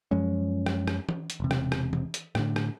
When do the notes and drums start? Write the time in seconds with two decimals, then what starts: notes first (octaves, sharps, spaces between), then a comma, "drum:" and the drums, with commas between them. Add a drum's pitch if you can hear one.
0.11 F#2 F3 G#3 C#4
0.66 drum: rim click
0.88 drum: rim click
1.09 drum: tom E3
1.30 drum: hi-hat
1.40 E1 C3
1.51 drum: rim click
1.72 drum: rim click
1.93 drum: tom E3
2.14 drum: hi-hat
2.35 A2 D3, drum: rim click
2.56 drum: rim click